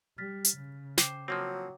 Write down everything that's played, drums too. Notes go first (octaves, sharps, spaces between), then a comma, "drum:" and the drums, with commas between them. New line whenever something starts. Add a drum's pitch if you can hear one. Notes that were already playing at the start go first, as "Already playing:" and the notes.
G3 F6 A6 B6
drum: hi-hat
C#3
C5 G5 D6, drum: snare
F3 F#3 A#3 C4